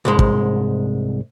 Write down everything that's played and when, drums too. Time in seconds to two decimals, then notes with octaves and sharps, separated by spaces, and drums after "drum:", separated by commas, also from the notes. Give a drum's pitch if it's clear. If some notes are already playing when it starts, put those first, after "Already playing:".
0.05 C2 G#2 G#3
0.19 drum: kick